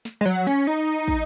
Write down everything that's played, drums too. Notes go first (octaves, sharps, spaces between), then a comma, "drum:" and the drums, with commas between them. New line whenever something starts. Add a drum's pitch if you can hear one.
drum: snare
G#3
F#3
C#4, drum: snare
D#4
drum: kick